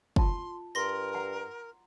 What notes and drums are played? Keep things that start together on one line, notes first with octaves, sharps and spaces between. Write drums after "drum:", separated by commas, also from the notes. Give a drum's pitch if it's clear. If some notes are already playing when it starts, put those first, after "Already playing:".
F4 A5 C6, drum: kick
G2 A#4 C6 A#6
F#5 A#5